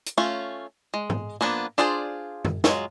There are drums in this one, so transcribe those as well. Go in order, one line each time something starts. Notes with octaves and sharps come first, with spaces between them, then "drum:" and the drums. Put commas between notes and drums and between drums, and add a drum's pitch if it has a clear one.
drum: hi-hat
A3 C#4 F4
G#3
drum: tom G#2
F3 A#3 B3 D4
D4 F4 G#4 C5 D5
drum: tom F#2
F#3 G#3 F4, drum: snare